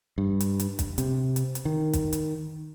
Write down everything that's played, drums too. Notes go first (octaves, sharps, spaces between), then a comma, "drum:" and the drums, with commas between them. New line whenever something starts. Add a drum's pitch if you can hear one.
G2
drum: hi-hat
drum: hi-hat
drum: kick, hi-hat
C3, drum: hi-hat
drum: hi-hat
drum: hi-hat
D#3
drum: kick, hi-hat
drum: hi-hat